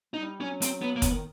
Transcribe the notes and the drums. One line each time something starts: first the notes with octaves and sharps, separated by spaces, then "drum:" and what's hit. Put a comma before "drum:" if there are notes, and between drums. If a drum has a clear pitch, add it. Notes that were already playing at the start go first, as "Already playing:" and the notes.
G3 D#4
F#3 C#4
C4, drum: hi-hat
B3
A#3
B3, drum: kick, hi-hat
D#3